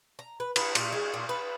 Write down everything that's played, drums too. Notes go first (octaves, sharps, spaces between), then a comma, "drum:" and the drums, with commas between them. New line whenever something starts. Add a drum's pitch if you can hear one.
A#5
B4
B4, drum: cymbal
A#2, drum: cymbal
G#3
A#2
B4